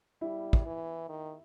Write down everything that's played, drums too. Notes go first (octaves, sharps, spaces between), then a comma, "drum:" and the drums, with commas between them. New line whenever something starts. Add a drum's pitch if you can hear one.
G3 E4
drum: kick
E3
D#3